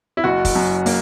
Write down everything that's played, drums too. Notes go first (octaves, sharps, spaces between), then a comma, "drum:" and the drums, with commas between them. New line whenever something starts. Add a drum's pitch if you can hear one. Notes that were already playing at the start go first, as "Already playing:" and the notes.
E4
F#1 F#4
drum: kick, open hi-hat
F#2
A#3, drum: open hi-hat